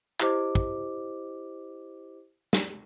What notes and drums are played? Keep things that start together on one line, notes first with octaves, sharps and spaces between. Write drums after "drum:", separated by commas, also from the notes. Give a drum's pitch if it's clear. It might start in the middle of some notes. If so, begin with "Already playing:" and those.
E4 G4 C5 D#5 D6, drum: clap
drum: kick
drum: snare